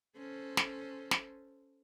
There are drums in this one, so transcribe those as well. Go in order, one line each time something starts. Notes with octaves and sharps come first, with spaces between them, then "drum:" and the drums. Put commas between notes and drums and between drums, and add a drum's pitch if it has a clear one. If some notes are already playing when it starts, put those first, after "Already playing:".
C#4 A4 C5
drum: snare
drum: snare